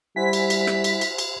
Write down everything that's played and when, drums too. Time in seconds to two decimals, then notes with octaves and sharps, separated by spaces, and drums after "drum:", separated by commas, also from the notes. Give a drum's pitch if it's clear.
0.16 G3 E4 C5 F#5 G#5 B6
0.33 drum: cymbal
0.50 drum: cymbal
0.67 drum: rim click
0.84 drum: cymbal
1.01 drum: cymbal
1.18 drum: cymbal